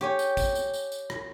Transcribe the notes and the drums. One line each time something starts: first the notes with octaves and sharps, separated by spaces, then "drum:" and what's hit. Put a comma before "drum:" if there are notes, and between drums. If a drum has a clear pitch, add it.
G4 C#5 G#5
drum: tambourine
drum: kick, tambourine
drum: tambourine
drum: tambourine
drum: tambourine
drum: rim click